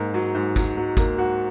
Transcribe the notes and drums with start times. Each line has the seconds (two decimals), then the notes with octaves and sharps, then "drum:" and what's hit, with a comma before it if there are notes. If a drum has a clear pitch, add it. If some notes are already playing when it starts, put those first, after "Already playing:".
Already playing: G#2 A#3
0.14 F#3
0.35 G#2
0.56 F#3, drum: kick G1, tambourine
0.77 F#3
0.97 A#3, drum: kick G1, tambourine
1.18 F#4